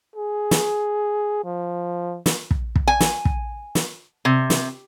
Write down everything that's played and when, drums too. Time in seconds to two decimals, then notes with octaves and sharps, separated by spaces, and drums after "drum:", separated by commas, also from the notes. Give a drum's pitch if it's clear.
0.16 G#4
0.51 drum: snare
1.44 F3
2.26 drum: snare
2.51 drum: kick
2.76 drum: kick
2.88 G#5
3.00 drum: snare
3.25 drum: kick
3.75 drum: snare
4.25 C3
4.50 drum: snare